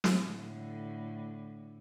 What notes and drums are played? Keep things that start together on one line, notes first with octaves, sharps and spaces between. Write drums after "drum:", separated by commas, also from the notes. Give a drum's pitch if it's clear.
drum: snare
A2 D3